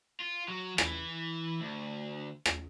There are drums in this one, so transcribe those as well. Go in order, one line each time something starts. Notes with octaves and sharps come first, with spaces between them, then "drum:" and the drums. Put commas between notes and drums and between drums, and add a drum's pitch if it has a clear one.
F4
F#3
E3, drum: rim click
D2
drum: rim click